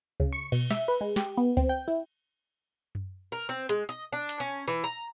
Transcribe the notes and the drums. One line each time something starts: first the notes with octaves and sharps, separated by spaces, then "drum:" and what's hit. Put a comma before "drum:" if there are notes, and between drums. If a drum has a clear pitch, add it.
C#3, drum: kick C#2
C#6
B2, drum: cymbal
E5, drum: snare
B4
G#3
G4, drum: snare
B3
C4, drum: kick C#2
G5
E4
drum: tom F#2
A#4
C4
G#3, drum: hi-hat
D#5
D4
drum: hi-hat
C#4
E3
A#5